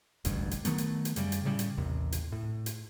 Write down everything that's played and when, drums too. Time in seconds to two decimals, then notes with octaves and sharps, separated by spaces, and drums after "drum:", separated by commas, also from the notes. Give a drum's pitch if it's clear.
0.25 E1 A1 D2 G2, drum: hi-hat
0.51 drum: hi-hat
0.65 D#3 F#3 A3 B3, drum: hi-hat
0.78 drum: hi-hat
1.05 drum: hi-hat
1.16 F#2 C#3 G3, drum: hi-hat
1.32 drum: hi-hat
1.45 A2 C#3 G3
1.59 drum: hi-hat
1.77 A1 D#2 C3
2.12 drum: hi-hat
2.32 A2
2.66 drum: hi-hat